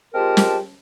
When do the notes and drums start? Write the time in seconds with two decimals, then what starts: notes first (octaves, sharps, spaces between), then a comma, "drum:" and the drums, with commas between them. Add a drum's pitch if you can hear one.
0.14 G#3 C4 F4 G4 A#4 A5
0.37 drum: snare